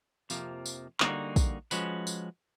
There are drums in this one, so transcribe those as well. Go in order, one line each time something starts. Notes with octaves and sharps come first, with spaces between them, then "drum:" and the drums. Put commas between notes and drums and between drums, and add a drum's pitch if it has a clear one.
F2 C3 F3 A#3, drum: tambourine
drum: tambourine
D3 G3 A#3 D#4 F#4, drum: clap
drum: kick, tambourine
F3 G#3 C#4 F#4 B4, drum: tambourine
drum: tambourine